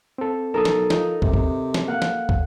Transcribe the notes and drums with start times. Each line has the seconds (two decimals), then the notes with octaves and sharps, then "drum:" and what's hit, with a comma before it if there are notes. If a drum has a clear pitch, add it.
0.18 C4 A4
0.54 B1 A4 A#4 A#5 D#6
0.65 drum: snare
0.90 F3 D#4, drum: snare
1.22 C3, drum: kick
1.34 drum: kick
1.74 drum: snare
1.88 A#3 F5 F#5
2.02 drum: snare
2.29 drum: kick